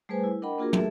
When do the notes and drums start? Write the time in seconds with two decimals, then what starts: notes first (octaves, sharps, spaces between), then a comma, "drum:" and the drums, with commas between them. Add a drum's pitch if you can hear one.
0.09 G3 A3 G#4 B4 C5 G#5
0.23 E4
0.42 D4 A#4 D#5 F#5 G5 B5
0.58 A#3 D4 F4 F#4 G#4 A#4
0.73 A3 G#4 A4 E5, drum: tom